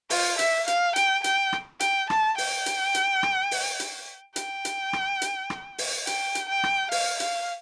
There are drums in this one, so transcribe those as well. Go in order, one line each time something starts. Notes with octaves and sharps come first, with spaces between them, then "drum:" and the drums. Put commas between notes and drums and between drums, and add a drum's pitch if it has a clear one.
F4, drum: open hi-hat
E5, drum: hi-hat
F5, drum: hi-hat
G5, drum: hi-hat
G5, drum: hi-hat
drum: rim click
G5, drum: hi-hat
A5, drum: rim click
G5, drum: open hi-hat
drum: hi-hat
drum: hi-hat
drum: rim click
drum: open hi-hat
drum: hi-hat
G5, drum: hi-hat
drum: hi-hat
drum: rim click
drum: hi-hat
drum: rim click
drum: open hi-hat
G5, drum: hi-hat
drum: hi-hat
G5
drum: rim click
F5, drum: open hi-hat
F5, drum: hi-hat